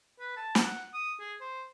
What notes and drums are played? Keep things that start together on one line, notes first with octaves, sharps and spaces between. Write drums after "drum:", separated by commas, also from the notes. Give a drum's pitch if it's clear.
B4
A5
drum: snare
F#5
D#6
G#4
C5